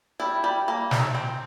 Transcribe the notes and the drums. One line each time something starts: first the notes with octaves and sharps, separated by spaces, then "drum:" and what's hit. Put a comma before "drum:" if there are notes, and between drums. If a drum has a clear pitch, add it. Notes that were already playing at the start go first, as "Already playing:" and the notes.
G3 E4
G3
A#3
D#4, drum: snare
C4